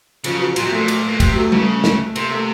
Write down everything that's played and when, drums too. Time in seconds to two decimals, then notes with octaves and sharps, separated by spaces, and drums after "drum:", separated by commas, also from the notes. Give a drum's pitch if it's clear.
0.24 C#3 F3, drum: cymbal
0.34 F#3
0.41 F3
0.56 A#2 F#3, drum: cymbal
0.65 C3
0.72 A#2 A3
0.88 drum: cymbal
1.08 A#2
1.20 C3, drum: kick, cymbal
1.31 F#3
1.36 A3
1.52 C#3, drum: tom G3
1.84 drum: snare
2.16 C3 A#3, drum: cymbal
2.32 A3